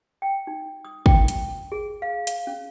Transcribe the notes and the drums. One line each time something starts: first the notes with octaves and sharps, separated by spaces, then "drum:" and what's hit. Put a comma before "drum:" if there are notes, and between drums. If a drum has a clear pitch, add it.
G5
D#4
D#6
G5, drum: kick
drum: hi-hat
G#4
F5
F5, drum: hi-hat
C#4